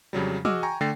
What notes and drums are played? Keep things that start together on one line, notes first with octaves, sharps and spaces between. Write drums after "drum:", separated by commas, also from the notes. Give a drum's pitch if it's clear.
F2 C#3 F#3 G3
F#4 G#4 D#5 D6 E6 F6, drum: tom
G5 G#5 A#5 C#6
D3 A3 G5 A6 A#6 C7